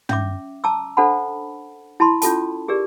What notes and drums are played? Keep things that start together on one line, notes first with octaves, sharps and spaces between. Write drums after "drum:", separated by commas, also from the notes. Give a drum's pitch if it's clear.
C#4 E5 D6, drum: tom
A5 A#5 D6 E6
D4 A4 C5 F#5 A5 B5
E4 A5 B5 C6
C#4 F4 A4 A5, drum: hi-hat
G4 G#4 A#4 D5